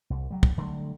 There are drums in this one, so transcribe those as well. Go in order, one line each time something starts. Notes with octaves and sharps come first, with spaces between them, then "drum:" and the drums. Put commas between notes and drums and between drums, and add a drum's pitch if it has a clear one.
C2
F#3 G3
drum: kick
D3 F#3 G3 A3